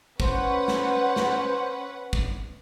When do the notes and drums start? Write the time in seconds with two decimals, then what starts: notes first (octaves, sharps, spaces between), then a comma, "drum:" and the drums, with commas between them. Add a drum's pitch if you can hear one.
0.20 C#4 B4 C5 F#5, drum: kick
0.68 drum: snare
1.16 drum: snare
2.13 drum: kick